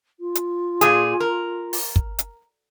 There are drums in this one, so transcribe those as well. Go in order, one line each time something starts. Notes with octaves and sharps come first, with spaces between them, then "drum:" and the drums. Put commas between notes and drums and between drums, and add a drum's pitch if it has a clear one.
F4
drum: hi-hat
A#2 G#4, drum: hi-hat
A#4
drum: open hi-hat
drum: kick
drum: hi-hat